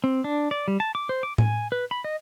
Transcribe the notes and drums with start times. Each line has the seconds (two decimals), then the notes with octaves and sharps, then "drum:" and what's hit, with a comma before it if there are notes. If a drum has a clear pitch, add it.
0.04 C4
0.24 D4
0.51 D5
0.68 G3
0.80 A5
0.95 D6
1.09 C5
1.23 D6
1.38 G#5, drum: tom A2
1.72 B4
1.91 B5
2.04 D#5